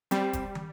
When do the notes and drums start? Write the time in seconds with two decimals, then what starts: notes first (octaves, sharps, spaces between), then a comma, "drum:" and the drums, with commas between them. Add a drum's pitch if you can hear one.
0.11 G3 C4, drum: hi-hat
0.33 drum: kick F1, hi-hat
0.55 drum: tom